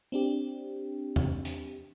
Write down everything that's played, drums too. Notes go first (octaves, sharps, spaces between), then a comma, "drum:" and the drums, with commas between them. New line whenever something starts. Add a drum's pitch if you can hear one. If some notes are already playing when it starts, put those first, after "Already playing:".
C4 D4 G4
drum: tom E2
drum: hi-hat